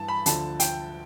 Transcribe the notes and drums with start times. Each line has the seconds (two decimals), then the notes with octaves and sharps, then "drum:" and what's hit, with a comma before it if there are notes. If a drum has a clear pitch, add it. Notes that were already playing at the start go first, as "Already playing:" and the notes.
Already playing: G2 E3 A5
0.08 B5
0.26 D2 D3 F3 A5, drum: hi-hat
0.60 G5, drum: hi-hat